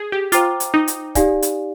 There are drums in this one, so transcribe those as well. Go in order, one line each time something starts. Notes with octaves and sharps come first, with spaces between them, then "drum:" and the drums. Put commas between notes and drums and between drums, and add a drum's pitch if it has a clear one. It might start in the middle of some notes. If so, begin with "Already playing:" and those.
Already playing: G#4
G4
F4 C5 G5 A#5 D6, drum: hi-hat
drum: hi-hat
D#4
drum: hi-hat
D#4 G4 D5 F5 G#5, drum: kick C#1, hi-hat
drum: hi-hat